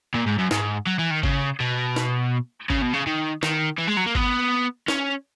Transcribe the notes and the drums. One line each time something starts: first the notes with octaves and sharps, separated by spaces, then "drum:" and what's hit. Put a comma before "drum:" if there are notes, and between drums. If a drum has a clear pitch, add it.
A#2
G#2
F#2
G#2, drum: snare
F#3
E3
D#3
C#3, drum: kick G#1
B2
drum: snare
C#3, drum: kick G#1
B2
C#3
D#3
D#3, drum: snare
E3
G#3
F#3
A#3
B3, drum: kick G#1
C#4, drum: snare